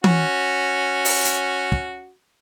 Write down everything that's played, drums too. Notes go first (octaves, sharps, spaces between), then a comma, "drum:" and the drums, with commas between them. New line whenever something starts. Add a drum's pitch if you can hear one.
C#4 F#4, drum: tom E3
drum: open hi-hat
drum: hi-hat
drum: kick